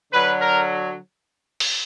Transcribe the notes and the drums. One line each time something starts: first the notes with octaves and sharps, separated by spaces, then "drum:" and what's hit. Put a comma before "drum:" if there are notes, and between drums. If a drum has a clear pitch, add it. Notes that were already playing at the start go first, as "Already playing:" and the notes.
D3 F#3 B4
A#4
drum: open hi-hat